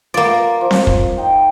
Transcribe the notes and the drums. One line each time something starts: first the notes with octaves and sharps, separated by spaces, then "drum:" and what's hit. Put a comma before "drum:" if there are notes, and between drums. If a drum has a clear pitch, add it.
A#3 F4 D5
F3
drum: snare C4
drum: kick
D#4 G5